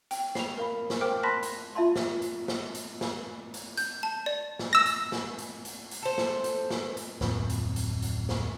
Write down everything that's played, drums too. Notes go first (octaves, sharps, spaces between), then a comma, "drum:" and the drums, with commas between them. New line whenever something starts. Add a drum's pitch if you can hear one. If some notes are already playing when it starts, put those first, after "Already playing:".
G5, drum: hi-hat
C7 F7, drum: snare
A#4 F5 B5
drum: snare
A#4 C5 F5 G5 D6 F6
A5 B5 C6 F#6 A#6 B6
drum: hi-hat
F4 E5 A5 B5 C6
drum: snare
drum: hi-hat
drum: snare
drum: hi-hat
drum: snare
drum: hi-hat
G6, drum: hi-hat
A5
D5
drum: snare
E6 A#6
drum: hi-hat
drum: snare
drum: hi-hat
drum: hi-hat
drum: hi-hat
A4 C5
drum: snare
drum: hi-hat
drum: snare
drum: hi-hat
D1 F2, drum: snare
drum: hi-hat
drum: hi-hat
drum: hi-hat
drum: snare